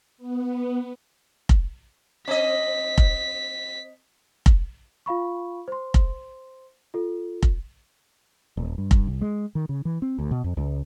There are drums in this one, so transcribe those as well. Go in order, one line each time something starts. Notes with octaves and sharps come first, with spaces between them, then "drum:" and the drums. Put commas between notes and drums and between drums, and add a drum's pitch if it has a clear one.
B3
drum: kick F1
C4 D#5 B6
drum: kick F1
drum: kick F1
F4 F5 B5 C#6
C5 C6
drum: kick F1
F4 A4
drum: kick F1
D#1
G2
drum: kick F1
C2
G#3
D#3
C#3
E3
C4
D2
B2
F2
C#2